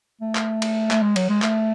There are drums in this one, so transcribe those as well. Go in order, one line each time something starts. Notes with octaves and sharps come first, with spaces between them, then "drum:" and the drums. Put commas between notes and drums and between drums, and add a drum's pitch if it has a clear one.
A3
drum: clap
drum: cymbal
A3, drum: clap
G#3
F#3, drum: cymbal
G#3
A3, drum: clap